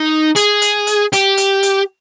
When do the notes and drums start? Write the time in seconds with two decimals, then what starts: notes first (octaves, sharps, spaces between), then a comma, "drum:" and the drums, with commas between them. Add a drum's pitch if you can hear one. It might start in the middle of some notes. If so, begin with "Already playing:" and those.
Already playing: D#4
0.36 G#4, drum: hi-hat
0.62 drum: hi-hat
0.87 drum: hi-hat
1.13 G4, drum: hi-hat
1.37 drum: hi-hat
1.63 drum: hi-hat